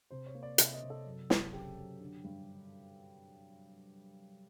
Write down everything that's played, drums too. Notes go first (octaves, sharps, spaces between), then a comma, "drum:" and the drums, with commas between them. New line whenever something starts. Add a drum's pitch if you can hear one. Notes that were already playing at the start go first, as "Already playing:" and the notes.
C3 C5
C#5
A#3
D5
C3 E5, drum: hi-hat
D#5
C3
A4
F#2
F#2, drum: snare
C#3 G4
F#2
D3
G2